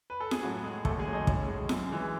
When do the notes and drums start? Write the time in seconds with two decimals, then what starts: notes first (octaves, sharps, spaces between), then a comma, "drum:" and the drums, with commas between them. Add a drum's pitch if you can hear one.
0.10 B4
0.20 A4
0.31 G#4, drum: snare F4
0.43 A2 F#3 F#4
0.64 G#3 G#4
0.85 D#2 A3 A4, drum: kick
0.99 G#3 G#4
1.06 C#3 F#3 A3
1.13 D#4
1.27 A2 C#4, drum: kick
1.48 G#3
1.69 F#2, drum: snare F4
1.91 E3 G#3